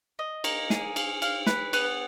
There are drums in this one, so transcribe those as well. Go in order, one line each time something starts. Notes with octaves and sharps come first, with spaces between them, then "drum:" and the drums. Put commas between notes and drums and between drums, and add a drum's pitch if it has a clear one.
D#5
A#3, drum: cymbal
G#4, drum: snare
F5, drum: cymbal
F5, drum: cymbal
B4, drum: snare
B3, drum: cymbal